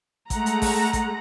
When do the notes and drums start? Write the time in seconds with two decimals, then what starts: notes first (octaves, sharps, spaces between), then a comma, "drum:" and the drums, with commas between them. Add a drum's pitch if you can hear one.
0.30 G#3 A3 F#5 A#5, drum: kick, hi-hat
0.46 drum: hi-hat
0.62 drum: kick, open hi-hat
0.93 drum: kick, hi-hat